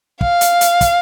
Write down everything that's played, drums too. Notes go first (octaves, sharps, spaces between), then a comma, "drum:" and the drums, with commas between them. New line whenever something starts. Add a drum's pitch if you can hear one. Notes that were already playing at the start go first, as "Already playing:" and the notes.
F5, drum: kick
drum: hi-hat
drum: hi-hat
drum: kick, hi-hat